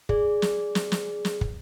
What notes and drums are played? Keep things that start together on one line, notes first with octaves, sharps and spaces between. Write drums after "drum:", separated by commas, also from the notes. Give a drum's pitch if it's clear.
G#4 D5, drum: kick
drum: snare
drum: snare
drum: snare
drum: snare
drum: kick